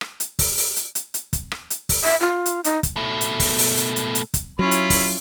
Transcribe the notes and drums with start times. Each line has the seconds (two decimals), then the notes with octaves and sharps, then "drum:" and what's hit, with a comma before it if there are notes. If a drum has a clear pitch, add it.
0.01 drum: rim click
0.20 drum: hi-hat
0.39 drum: kick, open hi-hat
0.58 drum: open hi-hat
0.76 drum: hi-hat
0.95 drum: hi-hat
1.14 drum: hi-hat
1.33 drum: kick, hi-hat
1.52 drum: rim click
1.70 drum: hi-hat
1.89 drum: kick, open hi-hat
2.04 E5
2.20 F4
2.46 drum: hi-hat
2.64 D#4, drum: hi-hat
2.83 drum: kick, hi-hat
2.97 B2 A3
3.21 drum: hi-hat
3.40 drum: kick, open hi-hat
3.58 drum: open hi-hat
3.77 drum: hi-hat
3.96 drum: hi-hat
4.15 drum: hi-hat
4.34 drum: kick, hi-hat
4.59 F#3 C#4 E4 F4 B5
4.71 drum: hi-hat
4.90 drum: kick, open hi-hat